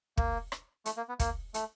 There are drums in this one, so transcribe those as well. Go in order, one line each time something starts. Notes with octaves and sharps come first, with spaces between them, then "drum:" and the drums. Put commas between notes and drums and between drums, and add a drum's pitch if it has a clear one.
A#3, drum: kick
drum: rim click
A3, drum: hi-hat
A#3
B3
A#3, drum: kick, hi-hat
A3, drum: hi-hat